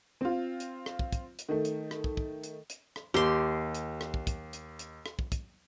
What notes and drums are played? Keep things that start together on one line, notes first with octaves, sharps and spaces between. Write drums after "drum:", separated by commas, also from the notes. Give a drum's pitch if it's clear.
C4 F4
drum: hi-hat
drum: rim click
drum: kick
drum: kick, hi-hat
drum: hi-hat
D#3 A3
drum: hi-hat
drum: rim click
drum: kick
drum: kick
drum: hi-hat
drum: hi-hat
drum: rim click
D#2 G4 C6
drum: hi-hat
drum: rim click
drum: kick
drum: kick, hi-hat
drum: hi-hat
drum: hi-hat
drum: rim click
drum: kick
drum: kick, hi-hat